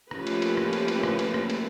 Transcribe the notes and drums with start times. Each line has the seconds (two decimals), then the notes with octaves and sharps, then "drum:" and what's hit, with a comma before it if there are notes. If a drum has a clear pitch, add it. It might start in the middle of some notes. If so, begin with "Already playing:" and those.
0.11 F3 A3 A#3 C#4 G4 B4, drum: rim click
0.27 drum: cymbal
0.42 drum: cymbal
0.57 drum: rim click
0.73 drum: cymbal
0.88 drum: cymbal
1.04 drum: rim click
1.19 drum: cymbal
1.34 drum: rim click
1.50 drum: cymbal